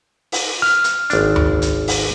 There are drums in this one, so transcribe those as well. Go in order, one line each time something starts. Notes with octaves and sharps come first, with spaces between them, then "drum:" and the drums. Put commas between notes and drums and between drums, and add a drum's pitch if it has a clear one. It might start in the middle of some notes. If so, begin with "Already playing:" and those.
drum: open hi-hat
F6
drum: hi-hat
G#1 D4, drum: hi-hat
drum: tom D#2
drum: hi-hat
drum: open hi-hat